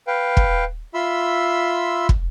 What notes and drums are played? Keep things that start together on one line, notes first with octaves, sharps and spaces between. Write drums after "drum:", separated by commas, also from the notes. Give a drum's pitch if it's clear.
B4 F5 G5
drum: kick
F4 E5 B5 C6 E6
drum: kick